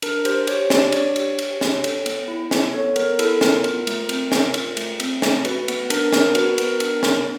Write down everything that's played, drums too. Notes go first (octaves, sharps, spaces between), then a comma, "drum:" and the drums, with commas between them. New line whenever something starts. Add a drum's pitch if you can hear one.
D4 A#4, drum: cymbal
G4 C5, drum: cymbal
G4 C#5, drum: cymbal
D4 D5, drum: snare
D4 C#5, drum: cymbal
G4, drum: cymbal
G4, drum: cymbal
D4, drum: snare
A4, drum: cymbal
B3, drum: cymbal
E4
B3, drum: snare
A4 C#5
B3 A#4, drum: cymbal
E4 A4, drum: cymbal
B3 A#4, drum: snare
F4, drum: cymbal
A3, drum: cymbal
C4, drum: cymbal
A3, drum: snare
F4, drum: cymbal
A3, drum: cymbal
C4, drum: cymbal
A3, drum: snare
F#4 B4, drum: cymbal
B3, drum: cymbal
D4 A#4, drum: cymbal
B3 A#4, drum: snare
F#4 B4, drum: cymbal
B3 A#4, drum: cymbal
D4 A#4, drum: cymbal
B3, drum: snare